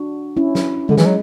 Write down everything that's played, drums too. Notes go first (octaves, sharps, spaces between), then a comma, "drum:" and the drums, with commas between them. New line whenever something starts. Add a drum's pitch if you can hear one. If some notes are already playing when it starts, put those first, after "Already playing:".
Already playing: D4 F#4
C#4 E4
drum: snare
D3 G#3
E3, drum: snare
F#3